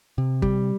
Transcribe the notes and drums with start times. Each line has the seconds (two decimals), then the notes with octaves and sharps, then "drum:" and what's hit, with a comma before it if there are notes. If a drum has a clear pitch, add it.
0.18 C3
0.42 G3, drum: kick